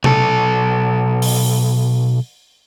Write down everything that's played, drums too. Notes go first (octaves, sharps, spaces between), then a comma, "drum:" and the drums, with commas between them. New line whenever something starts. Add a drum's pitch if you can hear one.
B1 A4, drum: tom C3
drum: open hi-hat